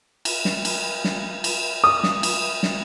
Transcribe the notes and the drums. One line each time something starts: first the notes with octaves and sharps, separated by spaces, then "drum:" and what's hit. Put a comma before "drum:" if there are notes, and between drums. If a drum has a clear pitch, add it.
drum: cymbal
drum: snare
drum: cymbal
drum: snare
drum: cymbal
D#6
drum: snare
drum: cymbal
drum: snare